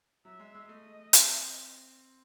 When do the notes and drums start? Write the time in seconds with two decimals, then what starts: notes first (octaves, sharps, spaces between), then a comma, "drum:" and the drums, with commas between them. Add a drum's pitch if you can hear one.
0.25 F#3 E5
0.39 G#3
0.55 G#3
0.69 A3 D#5
1.13 C4, drum: hi-hat